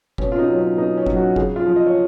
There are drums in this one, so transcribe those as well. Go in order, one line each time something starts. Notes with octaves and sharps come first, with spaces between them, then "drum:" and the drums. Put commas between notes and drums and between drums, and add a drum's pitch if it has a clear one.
B2 C#4, drum: kick F1
F4
D#4
F#3
C#4
B2 D#4
C#4
F#3, drum: kick F1
F#4
C#3 G#4, drum: kick F1
F4
F3
D#5
C#5